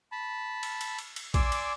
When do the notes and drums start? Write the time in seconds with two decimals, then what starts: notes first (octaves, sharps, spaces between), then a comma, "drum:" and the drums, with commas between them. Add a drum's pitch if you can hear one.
0.12 A5 B5
0.63 drum: cymbal
0.81 drum: cymbal
0.99 drum: cymbal
1.16 drum: cymbal
1.34 D5 G#5 C6 D6 E6, drum: kick A#1, cymbal
1.52 drum: cymbal